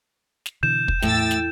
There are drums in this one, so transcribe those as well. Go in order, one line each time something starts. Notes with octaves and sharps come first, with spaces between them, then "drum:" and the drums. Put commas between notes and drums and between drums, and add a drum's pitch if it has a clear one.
drum: snare
B2 D3 E3 G6 E7
drum: kick
E2 A2 G5 E6 A6, drum: snare
drum: snare